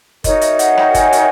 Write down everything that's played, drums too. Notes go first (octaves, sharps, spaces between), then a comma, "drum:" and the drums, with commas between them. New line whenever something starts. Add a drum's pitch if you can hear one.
D#4 F#4 A#4 C#5 D#5, drum: kick F#1, hi-hat
E5, drum: hi-hat
F#5, drum: hi-hat
G5, drum: rim click
G#5, drum: kick F#1, hi-hat
drum: hi-hat